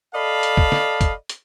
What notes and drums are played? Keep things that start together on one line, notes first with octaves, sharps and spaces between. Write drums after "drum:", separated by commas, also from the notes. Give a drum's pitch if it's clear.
A4 D5 D#5 F5 A5 B5
drum: hi-hat
drum: kick F#1
drum: snare
drum: kick F#1, hi-hat
drum: hi-hat